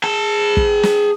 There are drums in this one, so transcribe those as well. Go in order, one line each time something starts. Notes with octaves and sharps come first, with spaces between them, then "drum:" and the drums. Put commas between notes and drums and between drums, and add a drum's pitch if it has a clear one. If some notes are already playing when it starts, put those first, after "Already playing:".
G#4 A5
drum: kick
drum: snare